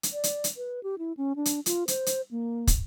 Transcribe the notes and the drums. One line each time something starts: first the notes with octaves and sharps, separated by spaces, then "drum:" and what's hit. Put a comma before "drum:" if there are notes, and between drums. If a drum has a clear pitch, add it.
drum: hi-hat
D5
drum: hi-hat
drum: hi-hat
B4
G4
E4
C#4
D4
drum: hi-hat
F4, drum: hi-hat
C5, drum: hi-hat
drum: hi-hat
A#3
drum: kick, hi-hat